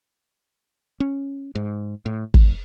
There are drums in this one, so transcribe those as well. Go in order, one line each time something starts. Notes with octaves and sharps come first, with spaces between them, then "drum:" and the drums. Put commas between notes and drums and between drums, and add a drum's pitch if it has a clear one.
C#4
G#2
A2
F1, drum: kick